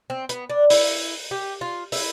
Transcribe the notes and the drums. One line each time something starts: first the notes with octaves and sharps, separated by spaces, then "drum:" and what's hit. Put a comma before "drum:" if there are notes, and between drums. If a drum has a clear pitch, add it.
C4
B3, drum: hi-hat
D4
E4, drum: open hi-hat
G4
F4
E4, drum: open hi-hat